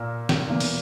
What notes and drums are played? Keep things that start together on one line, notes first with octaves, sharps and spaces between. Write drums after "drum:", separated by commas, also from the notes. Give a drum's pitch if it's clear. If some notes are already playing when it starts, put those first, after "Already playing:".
Already playing: A#2 A#3 E6
drum: snare
E2 B2 A#3
drum: open hi-hat